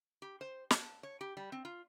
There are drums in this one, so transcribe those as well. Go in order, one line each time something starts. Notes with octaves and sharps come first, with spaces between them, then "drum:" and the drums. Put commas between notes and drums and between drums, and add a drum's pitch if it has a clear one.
G4
C5
A5, drum: snare
C#5
G4
G3
C4
F4